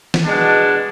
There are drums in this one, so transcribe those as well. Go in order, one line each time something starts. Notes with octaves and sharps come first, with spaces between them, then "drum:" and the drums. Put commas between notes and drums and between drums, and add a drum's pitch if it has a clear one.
drum: snare
B2 G#3 D4